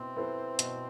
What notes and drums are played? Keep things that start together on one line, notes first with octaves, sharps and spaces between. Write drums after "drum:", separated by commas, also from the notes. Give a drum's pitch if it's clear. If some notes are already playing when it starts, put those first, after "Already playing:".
Already playing: B2 B3 C4 E4
B3 E4 A4 C5
B2, drum: hi-hat